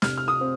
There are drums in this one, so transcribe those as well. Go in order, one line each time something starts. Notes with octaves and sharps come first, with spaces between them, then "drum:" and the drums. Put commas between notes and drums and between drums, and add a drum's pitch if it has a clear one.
C3 F6, drum: snare
F6
D#6
C4